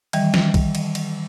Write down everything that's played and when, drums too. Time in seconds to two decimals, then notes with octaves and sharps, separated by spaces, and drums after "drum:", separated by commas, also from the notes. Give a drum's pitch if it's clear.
0.13 D#3 E3 G3, drum: cymbal
0.34 drum: snare
0.54 drum: kick B1, cymbal
0.75 drum: cymbal
0.95 drum: cymbal